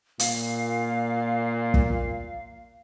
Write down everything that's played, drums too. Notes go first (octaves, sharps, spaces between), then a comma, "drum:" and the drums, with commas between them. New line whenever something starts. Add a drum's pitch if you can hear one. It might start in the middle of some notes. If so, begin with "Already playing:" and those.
A#2 F5, drum: hi-hat
drum: kick